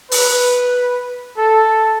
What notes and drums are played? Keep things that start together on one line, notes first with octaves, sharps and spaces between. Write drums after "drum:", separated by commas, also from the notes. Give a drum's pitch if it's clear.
B4, drum: open hi-hat
A4